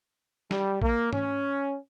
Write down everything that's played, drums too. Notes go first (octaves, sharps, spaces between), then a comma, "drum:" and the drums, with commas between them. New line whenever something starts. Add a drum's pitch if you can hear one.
G3, drum: snare
A#3, drum: kick A1
C#4, drum: tom G#2